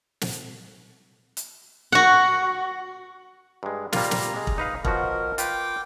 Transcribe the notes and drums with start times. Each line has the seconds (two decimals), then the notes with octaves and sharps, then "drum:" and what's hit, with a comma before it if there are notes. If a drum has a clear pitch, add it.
0.21 drum: snare
1.37 drum: hi-hat
1.92 F#4 F#5
3.63 G2 G#3
3.93 G3 A#3 F4 A#5, drum: snare
4.11 drum: snare
4.36 G#3
4.47 drum: kick
4.58 D#4 B4 F5
4.85 B2 F3 F#4 A#4, drum: kick
5.38 F4 B4 G5 D6, drum: hi-hat